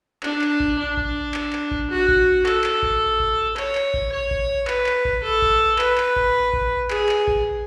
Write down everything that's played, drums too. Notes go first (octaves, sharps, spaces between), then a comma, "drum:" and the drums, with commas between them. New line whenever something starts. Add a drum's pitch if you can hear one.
D4, drum: clap
drum: clap
drum: kick A1
D4
drum: kick A1
drum: clap
drum: clap
drum: kick A1
F#4
drum: kick A1
A4, drum: clap
drum: clap
drum: kick A1
drum: kick A1
C#5, drum: clap
drum: clap
drum: kick A1
C#5
drum: kick A1
B4, drum: clap
drum: clap
drum: kick A1
A4
drum: kick A1
B4, drum: clap
drum: clap
drum: kick A1
drum: kick A1
G#4, drum: clap
drum: clap
drum: kick A1